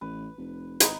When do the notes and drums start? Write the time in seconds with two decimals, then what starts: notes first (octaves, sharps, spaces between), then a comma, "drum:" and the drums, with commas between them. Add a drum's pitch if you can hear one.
0.01 A1 B4
0.38 F1
0.80 G#1 D#4 B4, drum: hi-hat